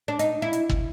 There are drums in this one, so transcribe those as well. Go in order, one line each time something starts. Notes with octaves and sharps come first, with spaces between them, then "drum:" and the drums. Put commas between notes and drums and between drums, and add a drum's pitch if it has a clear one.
D4
D#4, drum: hi-hat
E4
drum: hi-hat
drum: kick G1